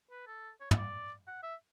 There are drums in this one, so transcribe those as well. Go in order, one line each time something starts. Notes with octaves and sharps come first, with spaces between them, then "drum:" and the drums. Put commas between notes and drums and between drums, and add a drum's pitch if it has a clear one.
B4
A4
C#5
E5, drum: tom
D5
F#5
E5